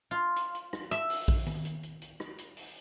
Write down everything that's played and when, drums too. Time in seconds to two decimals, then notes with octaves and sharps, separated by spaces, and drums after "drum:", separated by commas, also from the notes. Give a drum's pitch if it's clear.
0.11 F4
0.36 drum: hi-hat
0.55 drum: hi-hat
0.73 drum: rim click
0.91 E5, drum: hi-hat
1.10 drum: open hi-hat
1.28 drum: kick A#1
1.46 drum: tom D#3
1.65 drum: hi-hat
1.83 drum: hi-hat
2.02 drum: hi-hat
2.20 drum: rim click
2.38 drum: hi-hat
2.57 drum: open hi-hat